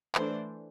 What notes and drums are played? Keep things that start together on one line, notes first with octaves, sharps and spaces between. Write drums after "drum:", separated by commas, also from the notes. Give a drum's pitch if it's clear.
E3 A3 D4 C5, drum: clap